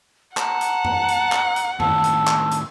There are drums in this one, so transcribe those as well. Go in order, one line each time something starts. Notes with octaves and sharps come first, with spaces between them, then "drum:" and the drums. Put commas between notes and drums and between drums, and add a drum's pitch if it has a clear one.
F#5 A5 A#5, drum: clap
drum: hi-hat
drum: tom F#2
drum: hi-hat
drum: clap
drum: hi-hat
A2 D#3 A5 E6, drum: tom F#2
drum: hi-hat
drum: clap
drum: hi-hat